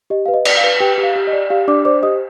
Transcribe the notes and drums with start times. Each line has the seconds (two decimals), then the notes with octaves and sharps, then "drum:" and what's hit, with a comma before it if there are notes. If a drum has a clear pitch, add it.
0.10 G4 D#5
0.26 B4 F5
0.34 D#5
0.45 D5, drum: cymbal
0.57 F5
0.64 B4
0.80 G4 B4 G5
0.98 G4
1.03 F5
1.16 G4
1.27 D#5
1.33 D5
1.50 G4 F5
1.68 D4 D5 D6
1.85 C5 D5 D6
2.03 G4 D#5 D#6